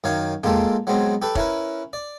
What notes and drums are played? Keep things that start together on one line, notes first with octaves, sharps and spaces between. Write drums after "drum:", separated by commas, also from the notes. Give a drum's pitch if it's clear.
F#2 D#3 C#5 F5
G#3 A#3 F4 G4 A4, drum: tom E2
F#3 G#3 B3 C4
G4 A4 B4
C#4 E4 A#4 B4, drum: kick
D5